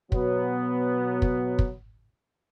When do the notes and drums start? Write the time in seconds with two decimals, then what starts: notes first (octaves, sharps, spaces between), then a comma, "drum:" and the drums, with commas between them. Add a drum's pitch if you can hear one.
0.12 B2 F#3 B3, drum: kick
1.22 drum: kick
1.59 drum: kick